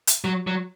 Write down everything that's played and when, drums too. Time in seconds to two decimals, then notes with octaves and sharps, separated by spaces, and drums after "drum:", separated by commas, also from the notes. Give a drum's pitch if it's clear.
0.07 drum: hi-hat
0.24 F#3
0.47 F#3